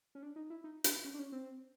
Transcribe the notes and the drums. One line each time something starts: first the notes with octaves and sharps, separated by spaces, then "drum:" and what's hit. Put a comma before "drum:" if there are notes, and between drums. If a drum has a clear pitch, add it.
C#4
D4
D#4
E4
D#4
D4, drum: hi-hat
C#4
D4
C#4
C4